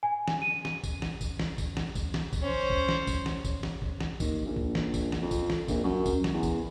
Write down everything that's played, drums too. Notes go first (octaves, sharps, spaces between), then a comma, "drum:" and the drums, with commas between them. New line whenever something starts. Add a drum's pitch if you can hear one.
G#5
drum: snare
D#7
drum: snare
drum: kick B1, tambourine
drum: snare
drum: kick B1, tambourine
drum: snare
drum: kick B1, tambourine
drum: snare
drum: kick B1, tambourine
drum: snare
drum: kick B1, tambourine
C#4 C5
drum: kick B1
drum: snare
drum: kick B1, tambourine
drum: snare
drum: kick B1, tambourine
drum: snare
drum: kick B1
drum: snare
D#2, drum: kick B1, tambourine
A#1
drum: kick B1
drum: snare
drum: kick B1, tambourine
drum: snare
F2
drum: kick B1, tambourine
drum: snare
A#1, drum: kick B1, tambourine
F#2
drum: kick B1, tambourine
drum: snare
E2
drum: kick B1, tambourine